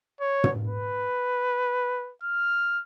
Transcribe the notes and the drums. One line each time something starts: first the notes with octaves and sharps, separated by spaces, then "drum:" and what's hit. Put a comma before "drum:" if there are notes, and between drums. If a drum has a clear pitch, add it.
C#5
drum: tom
B4
F6